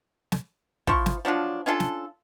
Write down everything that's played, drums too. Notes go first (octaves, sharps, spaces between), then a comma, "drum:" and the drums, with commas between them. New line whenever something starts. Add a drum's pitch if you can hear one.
drum: snare
F3 E4 C6 C#6, drum: kick
drum: snare
F3 F#3 D4 F4
C#4 D4 F4 A4
drum: snare